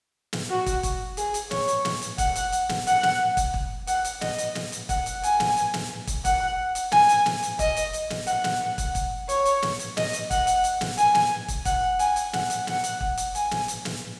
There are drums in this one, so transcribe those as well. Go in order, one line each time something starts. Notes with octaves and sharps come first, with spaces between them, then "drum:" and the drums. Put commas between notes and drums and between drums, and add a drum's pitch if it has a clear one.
drum: snare
F#4
drum: kick, hi-hat
drum: kick, hi-hat
G#4, drum: hi-hat
drum: hi-hat
C#5, drum: snare
drum: hi-hat
drum: snare
drum: hi-hat
F#5, drum: kick, hi-hat
drum: hi-hat
drum: hi-hat
drum: snare
F#5, drum: hi-hat
drum: snare
drum: kick, hi-hat
drum: kick
F#5, drum: hi-hat
drum: hi-hat
D#5, drum: snare
drum: hi-hat
drum: snare
drum: hi-hat
F#5, drum: kick, hi-hat
drum: hi-hat
G#5, drum: hi-hat
drum: snare
drum: hi-hat
drum: snare
drum: kick, hi-hat
F#5, drum: kick, hi-hat
drum: hi-hat
G#5, drum: snare
drum: hi-hat
drum: snare
drum: hi-hat
D#5, drum: kick, hi-hat
drum: hi-hat
drum: hi-hat
drum: snare
F#5, drum: hi-hat
drum: snare
F#5
drum: kick, hi-hat
drum: kick, hi-hat
C#5, drum: hi-hat
drum: hi-hat
drum: snare
drum: hi-hat
D#5, drum: snare
drum: hi-hat
F#5, drum: kick, hi-hat
drum: hi-hat
drum: hi-hat
drum: snare
G#5, drum: hi-hat
drum: snare
drum: kick, hi-hat
F#5, drum: kick, hi-hat
G#5, drum: hi-hat
drum: hi-hat
F#5, drum: snare
drum: hi-hat
F#5, drum: snare
drum: hi-hat
drum: kick
drum: hi-hat
G#5, drum: hi-hat
drum: snare
drum: hi-hat
drum: snare